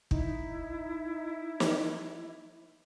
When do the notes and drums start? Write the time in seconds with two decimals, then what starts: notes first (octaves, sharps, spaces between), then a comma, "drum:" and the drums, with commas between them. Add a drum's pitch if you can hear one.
0.11 D#4 E4, drum: kick
1.60 drum: snare